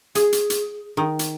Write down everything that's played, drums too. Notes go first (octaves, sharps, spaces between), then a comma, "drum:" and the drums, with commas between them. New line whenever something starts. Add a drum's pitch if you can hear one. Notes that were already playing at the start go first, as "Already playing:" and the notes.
G#4, drum: hi-hat
drum: hi-hat
drum: hi-hat
D#3
drum: hi-hat